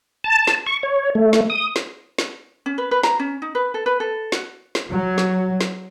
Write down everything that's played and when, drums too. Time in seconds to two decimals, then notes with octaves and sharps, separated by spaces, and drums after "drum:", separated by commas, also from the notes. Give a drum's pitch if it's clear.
0.24 A5
0.47 drum: snare
0.67 C#6
0.83 C#5
1.15 A3
1.33 drum: snare
1.50 D#6
1.76 drum: snare
2.18 drum: snare
2.66 C#4
2.78 B4
2.91 B4
3.03 A#5, drum: snare
3.20 C#4
3.42 D#4
3.55 B4
3.74 A4
3.86 B4
4.00 A4
4.32 F#4, drum: snare
4.75 drum: snare
4.90 F#3
5.18 drum: snare
5.61 drum: snare